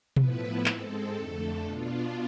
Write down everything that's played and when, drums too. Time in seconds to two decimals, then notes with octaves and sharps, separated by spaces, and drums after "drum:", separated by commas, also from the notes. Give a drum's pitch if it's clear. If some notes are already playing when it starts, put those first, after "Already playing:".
0.16 A2 F3 B3 E4 B4, drum: tom B2
0.66 G#2 G#3 C4 A4, drum: clap
1.14 F2 D3 A3 A4
1.63 B2 B3 D4 F4